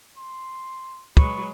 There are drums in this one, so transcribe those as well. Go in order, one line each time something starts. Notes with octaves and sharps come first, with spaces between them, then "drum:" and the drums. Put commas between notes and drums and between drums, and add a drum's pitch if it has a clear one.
C6
F#3 G#3 B4 C#6, drum: kick